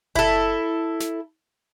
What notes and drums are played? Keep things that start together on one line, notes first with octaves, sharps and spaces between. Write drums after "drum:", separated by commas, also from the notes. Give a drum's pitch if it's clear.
E4 A4, drum: kick F#1
drum: snare